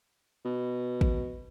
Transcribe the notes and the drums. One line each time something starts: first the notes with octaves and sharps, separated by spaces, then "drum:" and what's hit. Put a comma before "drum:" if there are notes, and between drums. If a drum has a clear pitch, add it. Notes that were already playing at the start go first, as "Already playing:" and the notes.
B2
drum: kick